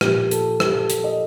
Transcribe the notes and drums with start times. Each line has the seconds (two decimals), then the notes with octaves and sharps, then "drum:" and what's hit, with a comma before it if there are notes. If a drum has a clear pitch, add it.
0.01 A#2 F3 G4, drum: rim click
0.31 A4, drum: hi-hat
0.60 G4, drum: rim click
0.75 A4
0.90 A4, drum: hi-hat
1.04 D#5